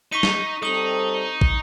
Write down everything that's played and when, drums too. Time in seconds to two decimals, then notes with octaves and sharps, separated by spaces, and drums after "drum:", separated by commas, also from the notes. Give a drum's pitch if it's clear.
0.13 D#4 C#6 B6 D#7
0.23 drum: snare
0.63 G3 C4 D#4 A4 D#6 F#7
1.41 drum: kick